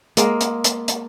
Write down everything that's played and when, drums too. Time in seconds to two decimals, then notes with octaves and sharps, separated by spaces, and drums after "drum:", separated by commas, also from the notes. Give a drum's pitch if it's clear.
0.17 G#3 A#3, drum: hi-hat
0.41 drum: hi-hat
0.64 drum: hi-hat
0.88 drum: hi-hat